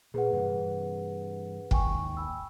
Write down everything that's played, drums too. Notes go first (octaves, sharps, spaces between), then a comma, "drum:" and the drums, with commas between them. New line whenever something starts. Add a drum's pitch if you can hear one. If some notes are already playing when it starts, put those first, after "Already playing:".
A#2 G#4 B4 F#5
G2 C3 E3
D#2 G#2 D#3 G5 G#5 C#6, drum: kick
G5 B5 E6